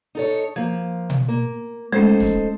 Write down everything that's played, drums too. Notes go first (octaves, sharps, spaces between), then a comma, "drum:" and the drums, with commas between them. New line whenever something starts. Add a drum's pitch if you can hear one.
D#4 A4 C#5
F3 A#3 G#6
drum: tom B2
A#3
G#3 A3 C#4 D#4 A4 C5
drum: snare